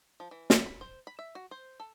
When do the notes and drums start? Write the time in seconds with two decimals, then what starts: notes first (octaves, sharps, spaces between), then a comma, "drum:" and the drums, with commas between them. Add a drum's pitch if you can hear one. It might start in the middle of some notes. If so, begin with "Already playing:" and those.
0.20 F3
0.31 E3
0.50 E4, drum: snare
0.66 B5
0.81 C5
1.07 B5
1.19 E5
1.35 F#4
1.51 C5
1.80 A4